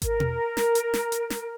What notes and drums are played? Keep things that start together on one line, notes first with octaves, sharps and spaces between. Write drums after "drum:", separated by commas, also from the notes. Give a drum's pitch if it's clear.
A#4, drum: kick G#1, hi-hat
drum: tom B2
drum: snare
drum: hi-hat
drum: snare
drum: hi-hat
drum: snare